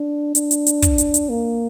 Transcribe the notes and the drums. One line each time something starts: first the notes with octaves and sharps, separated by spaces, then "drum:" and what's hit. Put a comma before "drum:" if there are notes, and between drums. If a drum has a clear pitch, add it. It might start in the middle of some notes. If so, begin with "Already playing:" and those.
Already playing: D4
D4, drum: hi-hat
drum: hi-hat
drum: hi-hat
drum: kick, hi-hat
drum: hi-hat
drum: hi-hat
A#3